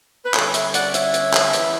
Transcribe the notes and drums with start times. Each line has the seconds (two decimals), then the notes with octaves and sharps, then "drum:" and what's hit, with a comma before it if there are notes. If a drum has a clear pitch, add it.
0.25 B4
0.34 D3 G3 C#4 A4 C#5, drum: clap
0.54 C#5 E5, drum: hi-hat
0.74 D5 F#5, drum: hi-hat
0.94 C#5 E5, drum: hi-hat
1.14 drum: hi-hat
1.34 drum: clap
1.53 E3 B3 E4, drum: hi-hat